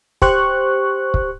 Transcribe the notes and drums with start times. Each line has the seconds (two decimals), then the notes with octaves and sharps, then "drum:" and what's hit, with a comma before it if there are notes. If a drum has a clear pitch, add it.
0.22 G4 C5 C#6 F#6, drum: kick
1.14 drum: kick